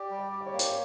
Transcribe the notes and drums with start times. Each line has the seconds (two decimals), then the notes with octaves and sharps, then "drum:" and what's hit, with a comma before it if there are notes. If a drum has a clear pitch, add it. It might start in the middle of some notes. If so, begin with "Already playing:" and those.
Already playing: G4 D5
0.11 G3
0.18 D5
0.32 G4
0.41 D5
0.47 C#5
0.53 A#3
0.59 C5, drum: hi-hat
0.68 C#5